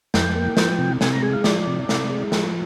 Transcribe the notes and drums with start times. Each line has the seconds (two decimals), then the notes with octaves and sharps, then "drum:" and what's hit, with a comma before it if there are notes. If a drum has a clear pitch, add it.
0.14 F2 G5, drum: snare
0.35 A#3
0.57 F3, drum: snare
0.79 C3
1.01 C3 G#5, drum: snare
1.12 A#5
1.23 G#3 G#5
1.33 F5
1.44 F3 D5, drum: snare
1.67 C3
1.89 C3, drum: snare
2.10 G#3
2.32 F3, drum: snare